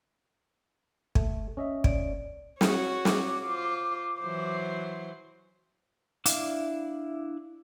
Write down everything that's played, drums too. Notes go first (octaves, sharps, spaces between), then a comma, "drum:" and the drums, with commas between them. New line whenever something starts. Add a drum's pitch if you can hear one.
A3, drum: kick
C#4 D#5 E5
D5, drum: kick
F#4 C#5, drum: snare
D6, drum: snare
F4 C5
E3 F#3 C5
D4 E4 F5 D6, drum: hi-hat